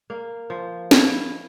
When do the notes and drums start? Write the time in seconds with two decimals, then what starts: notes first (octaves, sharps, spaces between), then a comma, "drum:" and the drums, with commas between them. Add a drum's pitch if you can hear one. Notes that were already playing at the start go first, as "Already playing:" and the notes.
0.10 A#3
0.50 F3
0.91 E4, drum: snare